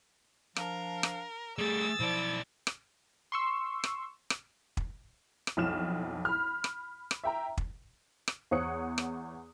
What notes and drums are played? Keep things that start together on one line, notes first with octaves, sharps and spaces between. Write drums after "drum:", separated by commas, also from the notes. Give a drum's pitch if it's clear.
F3 D4 A#4 F5, drum: rim click
drum: rim click
G3 A3 G#4 E6 A6
B1 F3 E4 D5
drum: rim click
C6 C#6 E6
drum: rim click
drum: rim click
drum: kick
drum: rim click
B1 F2 E4 F6 E7
B5 F6
drum: rim click
drum: rim click
E5 G5 A#5
drum: kick
drum: rim click
E2 C#5 F#5 D#6 F#6 C#7
drum: rim click